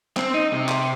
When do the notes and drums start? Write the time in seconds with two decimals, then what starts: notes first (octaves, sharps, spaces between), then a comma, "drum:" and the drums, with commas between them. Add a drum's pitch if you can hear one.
0.17 C4, drum: clap
0.34 D#4
0.53 C3
0.69 drum: clap